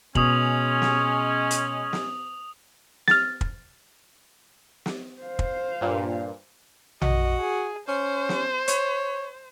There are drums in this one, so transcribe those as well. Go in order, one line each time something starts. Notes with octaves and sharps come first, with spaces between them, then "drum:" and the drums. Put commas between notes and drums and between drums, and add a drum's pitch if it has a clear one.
B2 G#3 C#4 D#6 F7 F#7, drum: kick
drum: snare
drum: hi-hat
drum: snare
F6 A6, drum: snare
drum: kick
drum: snare
C5 F5
drum: kick
G2 A#2
F#4 D#5, drum: tom A#1
G#4
C#4 C5
drum: snare
C#5, drum: hi-hat